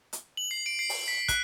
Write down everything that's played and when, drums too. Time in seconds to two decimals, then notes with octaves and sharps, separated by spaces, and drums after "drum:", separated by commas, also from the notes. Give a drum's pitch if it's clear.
0.13 drum: hi-hat
0.37 F#7
0.51 C7
0.66 D7
0.79 C7
0.89 drum: open hi-hat
1.08 B6
1.29 F#6, drum: kick, hi-hat